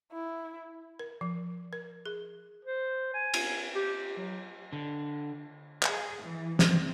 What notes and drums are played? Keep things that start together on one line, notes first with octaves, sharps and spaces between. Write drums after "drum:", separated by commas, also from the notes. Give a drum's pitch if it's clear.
E4
A#4
F3
A#4
G#4
C5
G#5
drum: cymbal
G4
F#3
D3
G#4, drum: clap
E3
C4, drum: snare